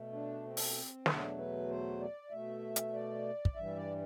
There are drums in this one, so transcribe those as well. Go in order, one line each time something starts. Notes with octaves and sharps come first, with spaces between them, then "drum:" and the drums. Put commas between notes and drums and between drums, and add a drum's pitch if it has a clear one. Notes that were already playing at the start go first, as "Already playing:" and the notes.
Already playing: B2 A3
D4
C4
drum: open hi-hat
E2 B2 F#3 A3 D4, drum: snare
B4
C5
D5
B2 A3 E5
drum: hi-hat
D5
drum: kick
G2 E3 G3 E5
D5